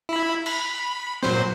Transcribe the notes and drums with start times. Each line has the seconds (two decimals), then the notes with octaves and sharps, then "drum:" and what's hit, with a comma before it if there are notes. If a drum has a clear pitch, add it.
0.09 E4 B5
0.46 B5, drum: cymbal
1.23 A#2 F#3 C5, drum: snare